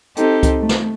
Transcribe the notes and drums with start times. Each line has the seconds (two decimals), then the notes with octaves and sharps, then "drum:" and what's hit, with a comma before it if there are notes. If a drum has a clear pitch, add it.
0.17 C4 D#4 G4 A4, drum: hi-hat
0.43 drum: kick C#2, hi-hat
0.59 A3
0.69 drum: snare